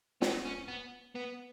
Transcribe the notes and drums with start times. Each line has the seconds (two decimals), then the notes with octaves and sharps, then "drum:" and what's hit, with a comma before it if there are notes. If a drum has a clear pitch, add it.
0.22 B3, drum: snare
0.45 C#4
0.68 B3
1.15 B3